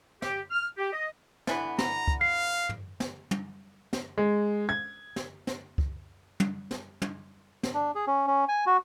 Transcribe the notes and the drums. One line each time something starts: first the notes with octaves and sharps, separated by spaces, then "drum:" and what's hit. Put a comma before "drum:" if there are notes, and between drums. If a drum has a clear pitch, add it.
G4, drum: snare
F6
G4
D#5
D3 E3 B3, drum: snare
A#5, drum: snare
drum: kick C#2
F5 C7
drum: tom
drum: snare
drum: tom
drum: snare
G#3
G#6
drum: snare
drum: snare
drum: kick C#2
drum: tom
drum: snare
drum: tom
drum: snare
D4
G#4
C#4
C#4
G#5
F#4